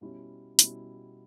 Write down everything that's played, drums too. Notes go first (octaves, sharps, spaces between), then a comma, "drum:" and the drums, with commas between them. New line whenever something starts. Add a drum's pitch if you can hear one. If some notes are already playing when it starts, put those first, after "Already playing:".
B2 G3 C#4 E4
B2 G3 C#4 E4, drum: hi-hat